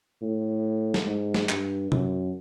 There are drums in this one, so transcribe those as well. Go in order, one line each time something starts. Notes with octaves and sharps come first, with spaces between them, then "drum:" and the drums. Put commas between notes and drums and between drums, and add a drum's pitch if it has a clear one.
A2
drum: snare
G#2
drum: snare
G2, drum: clap
F#2, drum: tom C3